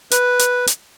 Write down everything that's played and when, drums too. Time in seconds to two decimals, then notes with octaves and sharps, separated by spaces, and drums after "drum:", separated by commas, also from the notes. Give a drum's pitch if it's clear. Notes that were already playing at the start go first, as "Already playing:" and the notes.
0.11 B4, drum: hi-hat
0.39 drum: hi-hat
0.67 drum: hi-hat